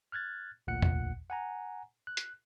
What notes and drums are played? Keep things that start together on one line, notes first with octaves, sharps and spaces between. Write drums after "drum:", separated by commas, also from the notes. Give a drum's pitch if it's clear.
F6 F#6 G#6 A6
A1 D2 A#2 F#5 F#6 C#7
drum: tom E2
F#5 G#5 A#5
F#6
drum: hi-hat